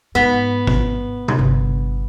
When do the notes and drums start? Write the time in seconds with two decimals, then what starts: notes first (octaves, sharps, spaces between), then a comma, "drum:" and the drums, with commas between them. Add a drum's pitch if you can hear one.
0.15 G#2 B3
0.67 drum: kick G#1
1.28 drum: tom C3
1.39 G1